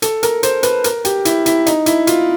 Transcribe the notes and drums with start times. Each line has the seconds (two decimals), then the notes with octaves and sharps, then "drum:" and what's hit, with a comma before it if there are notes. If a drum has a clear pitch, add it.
0.02 A4, drum: hi-hat
0.23 A#4, drum: hi-hat
0.43 C5, drum: hi-hat
0.63 B4, drum: hi-hat
0.84 A#4, drum: hi-hat
1.05 G4, drum: hi-hat
1.25 E4, drum: hi-hat
1.46 E4, drum: hi-hat
1.66 D#4, drum: hi-hat
1.86 E4, drum: hi-hat
2.07 F4, drum: hi-hat